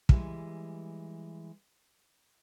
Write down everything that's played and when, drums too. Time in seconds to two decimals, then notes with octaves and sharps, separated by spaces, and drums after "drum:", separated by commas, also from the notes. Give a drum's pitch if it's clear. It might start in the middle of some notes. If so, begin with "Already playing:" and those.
0.09 E3 G3 G#3, drum: kick